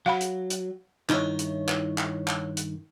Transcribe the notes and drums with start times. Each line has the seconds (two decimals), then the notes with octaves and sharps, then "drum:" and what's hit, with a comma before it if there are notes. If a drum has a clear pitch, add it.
0.06 F#3 F5 F#5 B5
0.21 drum: hi-hat
0.50 drum: hi-hat
1.09 G2 D#3 D#4 E4 C#5, drum: clap
1.39 drum: hi-hat
1.68 drum: clap
1.98 drum: clap
2.28 drum: clap
2.57 drum: hi-hat